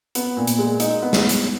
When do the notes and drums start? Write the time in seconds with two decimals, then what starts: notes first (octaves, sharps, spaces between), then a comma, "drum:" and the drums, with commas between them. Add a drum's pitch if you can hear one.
0.15 B3, drum: hi-hat
0.37 A#2
0.47 drum: hi-hat
0.59 G#3
0.80 D#4, drum: hi-hat
1.02 B3
1.13 drum: snare
1.29 drum: hi-hat